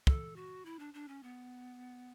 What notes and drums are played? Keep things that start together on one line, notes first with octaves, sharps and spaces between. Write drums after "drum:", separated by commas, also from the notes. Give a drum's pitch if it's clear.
A4, drum: kick
F#4
E4
D4
D4
C#4
B3